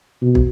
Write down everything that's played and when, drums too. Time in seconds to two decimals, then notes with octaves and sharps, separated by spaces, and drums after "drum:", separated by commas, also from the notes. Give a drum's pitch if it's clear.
0.21 B2
0.35 drum: kick